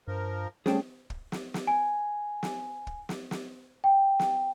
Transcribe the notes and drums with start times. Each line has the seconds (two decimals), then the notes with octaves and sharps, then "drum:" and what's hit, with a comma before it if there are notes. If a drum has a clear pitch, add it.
0.08 G2 F3 A#4
0.66 G3 A3 C#4 G#4 C5 G5 A5, drum: snare
1.10 drum: kick
1.32 drum: snare
1.54 drum: snare
1.67 G#5
2.43 drum: snare
2.87 drum: kick
3.09 drum: snare
3.31 drum: snare
3.84 G5
4.19 drum: snare